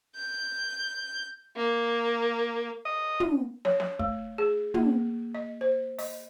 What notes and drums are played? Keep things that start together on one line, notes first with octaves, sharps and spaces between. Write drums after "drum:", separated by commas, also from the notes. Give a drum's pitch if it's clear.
G6
A#3
D#5
drum: tom
C#5, drum: snare
drum: snare
A3, drum: kick
G#4
A#3, drum: tom
D#5
C5
D#5, drum: open hi-hat